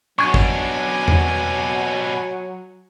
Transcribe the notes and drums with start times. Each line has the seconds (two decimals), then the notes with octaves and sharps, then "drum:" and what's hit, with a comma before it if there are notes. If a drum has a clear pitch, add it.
0.19 B2 F#3 D4 G#5 C#6 G#6
0.34 drum: kick
1.08 drum: tom E2